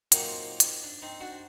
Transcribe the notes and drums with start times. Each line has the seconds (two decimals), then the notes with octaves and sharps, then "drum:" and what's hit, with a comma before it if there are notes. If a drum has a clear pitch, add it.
0.12 A#2 F#3 A#3 C4 D#4, drum: hi-hat
0.60 drum: hi-hat
0.84 D4
1.02 C4 D#4
1.21 D4 F#4